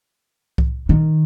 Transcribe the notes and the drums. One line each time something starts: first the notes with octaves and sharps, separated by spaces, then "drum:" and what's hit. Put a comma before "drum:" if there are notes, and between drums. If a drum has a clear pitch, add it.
drum: kick C2
D#3